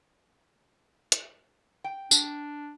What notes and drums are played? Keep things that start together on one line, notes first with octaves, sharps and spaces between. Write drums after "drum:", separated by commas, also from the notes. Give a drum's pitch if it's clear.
drum: hi-hat
G5
D4, drum: tambourine